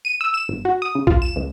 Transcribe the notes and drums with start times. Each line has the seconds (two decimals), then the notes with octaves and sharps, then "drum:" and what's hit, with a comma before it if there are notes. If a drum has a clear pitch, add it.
0.05 D#7
0.21 E6
0.34 E7
0.49 G1
0.65 F#4
0.82 D#6
0.95 C#3
1.07 F4, drum: kick A#1
1.22 E7
1.36 C#2